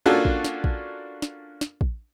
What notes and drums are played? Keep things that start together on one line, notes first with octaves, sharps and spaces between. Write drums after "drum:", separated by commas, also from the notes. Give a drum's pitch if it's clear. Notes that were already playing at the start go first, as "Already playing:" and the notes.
A#3 C#4 D4 F4 F#4 A4
drum: kick
drum: snare
drum: kick
drum: snare
drum: snare
drum: kick